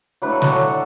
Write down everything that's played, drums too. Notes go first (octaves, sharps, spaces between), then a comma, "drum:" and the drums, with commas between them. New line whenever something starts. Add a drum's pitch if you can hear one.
A2 F#3 D4 B4
A4
F#4, drum: snare
A4